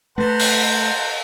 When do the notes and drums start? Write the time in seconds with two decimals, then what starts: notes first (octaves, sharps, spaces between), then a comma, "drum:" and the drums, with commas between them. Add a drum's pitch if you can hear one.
0.18 A3 B4 C5 F#5 A5 A#5
0.40 drum: open hi-hat